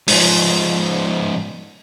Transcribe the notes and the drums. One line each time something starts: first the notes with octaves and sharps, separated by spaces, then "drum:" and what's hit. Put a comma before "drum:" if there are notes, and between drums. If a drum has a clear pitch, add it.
G#2 F3, drum: open hi-hat